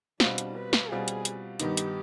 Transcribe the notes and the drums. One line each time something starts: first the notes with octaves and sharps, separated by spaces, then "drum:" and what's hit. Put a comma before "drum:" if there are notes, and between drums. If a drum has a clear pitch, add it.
B2 G3 C4 D4 F4, drum: snare
drum: hi-hat
B4
drum: snare
B2 G3 C4 F4 G#4
drum: hi-hat
drum: hi-hat
G2 D#3 B3 D#4 G4, drum: hi-hat
drum: hi-hat